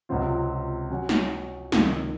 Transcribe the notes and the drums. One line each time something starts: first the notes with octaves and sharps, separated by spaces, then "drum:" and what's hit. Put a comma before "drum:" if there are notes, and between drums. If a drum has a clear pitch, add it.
C#2 C3 F#3 C4 F4
F#3 C#4 F#4 C#5
drum: snare
C#2 C3 D#3, drum: snare